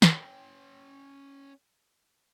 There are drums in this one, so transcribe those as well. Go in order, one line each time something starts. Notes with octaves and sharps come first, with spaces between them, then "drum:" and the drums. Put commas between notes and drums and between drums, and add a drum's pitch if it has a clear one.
C#4 G5, drum: snare